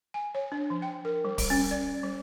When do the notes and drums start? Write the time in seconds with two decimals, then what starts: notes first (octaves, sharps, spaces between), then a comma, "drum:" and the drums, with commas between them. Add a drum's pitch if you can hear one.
0.14 G#5
0.35 C#5
0.52 D4
0.70 F3
0.82 G5
1.05 A#4
1.25 G3
1.38 G3, drum: kick D1, open hi-hat
1.50 C#4
1.71 D5
2.03 G3